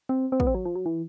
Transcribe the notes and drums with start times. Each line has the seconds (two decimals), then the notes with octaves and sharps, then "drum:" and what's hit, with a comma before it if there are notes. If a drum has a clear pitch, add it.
0.09 C4
0.32 C4
0.40 B3, drum: kick
0.47 C4
0.55 F#3
0.65 F3
0.76 F#3
0.86 E3